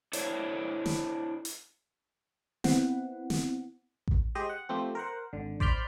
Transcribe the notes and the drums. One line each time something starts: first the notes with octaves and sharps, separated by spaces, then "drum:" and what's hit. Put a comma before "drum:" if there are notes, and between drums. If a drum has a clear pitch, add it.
D4 E4 A4 C5 C#5, drum: hi-hat
drum: snare
drum: hi-hat
B3 C4 E4 F#5, drum: snare
drum: snare
drum: kick A1
G#3 G4 C5 D#5
F#5
F3 A3 C4 G4
A#4 C5 F#5
G#1 D3
C5 D5 B5 F6 G6, drum: kick A1